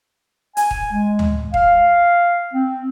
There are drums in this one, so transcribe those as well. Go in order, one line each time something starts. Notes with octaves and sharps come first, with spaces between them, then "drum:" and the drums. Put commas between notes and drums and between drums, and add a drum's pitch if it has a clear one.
G#5, drum: hi-hat
drum: kick D#1
G#3
drum: tom
F5, drum: kick D#1
C4